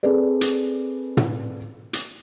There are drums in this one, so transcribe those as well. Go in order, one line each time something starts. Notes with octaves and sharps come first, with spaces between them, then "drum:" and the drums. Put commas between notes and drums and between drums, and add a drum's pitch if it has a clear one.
C4 G#4 A4 B4 D5
drum: hi-hat
drum: tom
drum: hi-hat